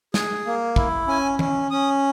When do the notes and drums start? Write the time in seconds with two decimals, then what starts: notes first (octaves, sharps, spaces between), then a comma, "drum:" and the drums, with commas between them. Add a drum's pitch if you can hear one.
0.14 G#4, drum: snare
0.46 A#3
0.76 E4, drum: kick
1.08 C#4 G#5
1.39 C#4, drum: tom E3
1.71 C#4 D#6